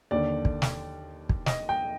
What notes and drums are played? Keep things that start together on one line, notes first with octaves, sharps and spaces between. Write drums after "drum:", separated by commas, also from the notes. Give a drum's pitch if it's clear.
D#2 D3 D5
drum: kick
drum: snare
drum: kick
D#5, drum: snare
G5